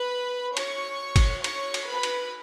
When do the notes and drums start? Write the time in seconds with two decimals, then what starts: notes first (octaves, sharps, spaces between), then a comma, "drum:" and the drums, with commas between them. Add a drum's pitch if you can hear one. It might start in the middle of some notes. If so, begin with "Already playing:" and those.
Already playing: B4 B5
0.57 C#5 C#6, drum: cymbal
1.16 drum: kick, cymbal
1.44 C#5 C#6, drum: cymbal
1.74 drum: cymbal
1.88 B4 B5
2.03 drum: cymbal